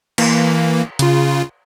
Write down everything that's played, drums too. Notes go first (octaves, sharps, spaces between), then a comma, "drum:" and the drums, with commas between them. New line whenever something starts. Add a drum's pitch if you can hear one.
E3 A#3, drum: cymbal
C#3 F4, drum: hi-hat